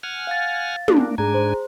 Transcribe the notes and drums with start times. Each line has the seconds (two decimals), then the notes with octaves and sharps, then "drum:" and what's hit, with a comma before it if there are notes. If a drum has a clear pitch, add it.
0.03 F#5 G#5 F6
0.27 F5 A6
0.88 A#3 D4, drum: tom
1.18 G#2 D4 G#4 G#5 A#5
1.34 C5